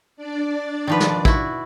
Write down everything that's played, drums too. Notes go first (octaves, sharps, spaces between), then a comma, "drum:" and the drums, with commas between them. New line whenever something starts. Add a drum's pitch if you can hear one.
D4 D5
D#3 F3 B4
drum: snare
E4 F#4, drum: kick